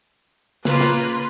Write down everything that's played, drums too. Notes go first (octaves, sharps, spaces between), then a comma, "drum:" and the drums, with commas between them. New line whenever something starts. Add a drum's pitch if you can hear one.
C#3 A#3 F4 B4 C6, drum: snare
drum: snare